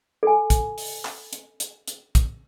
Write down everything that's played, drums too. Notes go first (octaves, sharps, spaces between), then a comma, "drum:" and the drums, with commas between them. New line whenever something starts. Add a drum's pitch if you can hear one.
A4 G#5
drum: kick, hi-hat
drum: open hi-hat
drum: clap
drum: hi-hat
drum: hi-hat
drum: hi-hat
drum: kick, hi-hat